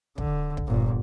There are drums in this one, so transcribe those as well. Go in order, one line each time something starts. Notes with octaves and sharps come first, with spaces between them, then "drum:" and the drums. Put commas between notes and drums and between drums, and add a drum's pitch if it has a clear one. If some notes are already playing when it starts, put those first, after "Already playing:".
D3, drum: kick
drum: kick
G1 A#2